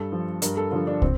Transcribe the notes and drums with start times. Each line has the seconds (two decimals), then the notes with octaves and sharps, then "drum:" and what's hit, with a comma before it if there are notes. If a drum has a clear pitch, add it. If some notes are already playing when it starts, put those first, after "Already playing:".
Already playing: G2 A4
0.12 F3
0.42 G2 A#4, drum: hi-hat
0.57 A4
0.71 D3 F3 F4
0.87 D4
1.02 C4, drum: kick